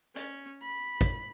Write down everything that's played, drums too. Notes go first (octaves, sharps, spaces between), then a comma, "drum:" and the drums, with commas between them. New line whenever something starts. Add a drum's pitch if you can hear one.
C#4, drum: hi-hat
B5
drum: kick, hi-hat